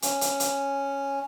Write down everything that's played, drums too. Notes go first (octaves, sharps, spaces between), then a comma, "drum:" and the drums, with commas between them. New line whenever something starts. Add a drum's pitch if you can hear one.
C#4, drum: hi-hat
drum: hi-hat
drum: hi-hat